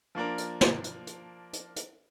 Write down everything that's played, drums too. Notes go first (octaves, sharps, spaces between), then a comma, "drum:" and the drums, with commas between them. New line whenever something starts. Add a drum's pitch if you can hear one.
F3 A#3 D4 A#4
drum: hi-hat
drum: snare
drum: hi-hat
drum: hi-hat
drum: hi-hat
drum: hi-hat